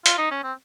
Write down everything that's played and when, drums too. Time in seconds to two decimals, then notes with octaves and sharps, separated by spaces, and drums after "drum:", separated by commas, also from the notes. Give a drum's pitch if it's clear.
0.06 F4, drum: hi-hat
0.18 D#4
0.31 C#4
0.44 C4